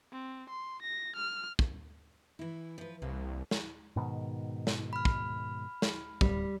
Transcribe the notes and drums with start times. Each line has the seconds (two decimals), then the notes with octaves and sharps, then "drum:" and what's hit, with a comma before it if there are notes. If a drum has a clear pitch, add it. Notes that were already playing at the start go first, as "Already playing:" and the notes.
0.12 C4
0.49 C6
0.82 A#6
1.16 F6
1.59 drum: kick
2.39 E3 E4
2.78 F3 B4
3.02 C2 A#3
3.51 drum: snare
3.96 G#2 B2 D#3
4.67 drum: snare
4.93 B5 F6
5.05 drum: kick
5.82 drum: snare
6.21 D1 G3, drum: kick